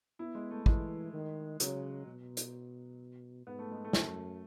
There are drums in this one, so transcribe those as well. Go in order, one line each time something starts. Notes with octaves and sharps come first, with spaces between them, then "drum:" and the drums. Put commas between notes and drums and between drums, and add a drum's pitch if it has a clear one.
B3 E4
G#3
A3
E3 G#3, drum: kick
D#3
C#3 F#3, drum: hi-hat
B2
drum: hi-hat
G#2 B3
A3
G#3
A3
F#2, drum: snare